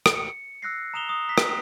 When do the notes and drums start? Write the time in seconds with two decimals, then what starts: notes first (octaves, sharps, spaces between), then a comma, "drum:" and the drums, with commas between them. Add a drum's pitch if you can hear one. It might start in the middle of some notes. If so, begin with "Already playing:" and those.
0.06 drum: rim click
0.15 C#7
0.62 E6 F#6 A#6 C7
0.94 A#5 D#6 E7 F7 G7
1.09 D#6
1.28 A#5 B6
1.38 drum: rim click